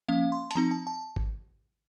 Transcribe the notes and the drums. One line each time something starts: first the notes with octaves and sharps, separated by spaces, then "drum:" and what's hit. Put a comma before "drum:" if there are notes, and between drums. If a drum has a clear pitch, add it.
F3 A#3 C#4 F5
C6
A5, drum: hi-hat
F3 C4 D#4 A#5
A5
A5
drum: kick G#1